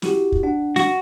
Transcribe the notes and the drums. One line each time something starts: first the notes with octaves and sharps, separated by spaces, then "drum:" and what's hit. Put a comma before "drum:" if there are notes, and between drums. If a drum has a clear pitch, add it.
E4 F#4 G4, drum: snare
drum: kick
D4 F#5
F#4, drum: snare